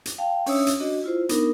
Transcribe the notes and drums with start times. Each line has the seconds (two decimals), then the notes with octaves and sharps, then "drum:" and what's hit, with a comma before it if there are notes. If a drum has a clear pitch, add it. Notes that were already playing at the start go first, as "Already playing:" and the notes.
0.06 drum: hi-hat
0.18 F5 G5 A5
0.46 C#4 D4 C#5 E5 D#6 E6, drum: open hi-hat
0.67 drum: hi-hat
0.80 D4 F#4 D#5
1.04 E4 F4 C5
1.29 B3 D4 D#4 A#4, drum: hi-hat